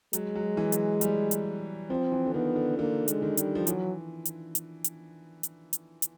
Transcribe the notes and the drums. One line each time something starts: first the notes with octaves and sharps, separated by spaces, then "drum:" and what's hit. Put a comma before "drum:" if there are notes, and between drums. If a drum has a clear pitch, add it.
F#3 G#3, drum: hi-hat
F#3
E3
drum: hi-hat
G3, drum: hi-hat
drum: hi-hat
F3 C4
E3
D3
D#3 B3
D3
D3 A#3
G#3, drum: hi-hat
D#3
G3, drum: hi-hat
F3
E3 F#3, drum: hi-hat
drum: hi-hat
drum: hi-hat
drum: hi-hat
drum: hi-hat
drum: hi-hat
drum: hi-hat